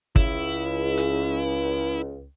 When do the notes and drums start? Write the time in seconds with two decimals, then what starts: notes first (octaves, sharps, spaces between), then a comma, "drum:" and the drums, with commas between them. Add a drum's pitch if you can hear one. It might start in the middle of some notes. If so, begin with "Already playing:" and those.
0.16 C#2 E4, drum: kick
0.97 drum: hi-hat